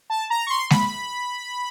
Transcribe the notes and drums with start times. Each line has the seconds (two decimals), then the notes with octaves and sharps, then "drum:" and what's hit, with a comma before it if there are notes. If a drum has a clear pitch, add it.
0.10 A5
0.30 A#5
0.46 C#6
0.50 C6
0.70 B5, drum: snare G#3